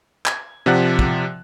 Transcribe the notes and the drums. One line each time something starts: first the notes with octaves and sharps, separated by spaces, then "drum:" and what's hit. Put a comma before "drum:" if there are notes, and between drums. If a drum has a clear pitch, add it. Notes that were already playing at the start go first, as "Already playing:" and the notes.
G#6, drum: clap
C3 F3 D5 F#5 F#6
drum: kick